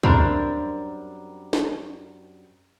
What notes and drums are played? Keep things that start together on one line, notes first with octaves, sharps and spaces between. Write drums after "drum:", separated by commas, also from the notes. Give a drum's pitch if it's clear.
F#2 G3 C4 D4 A#4, drum: kick
drum: snare